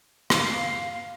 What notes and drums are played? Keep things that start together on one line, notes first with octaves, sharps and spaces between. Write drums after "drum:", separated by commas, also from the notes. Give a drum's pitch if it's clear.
F5, drum: rim click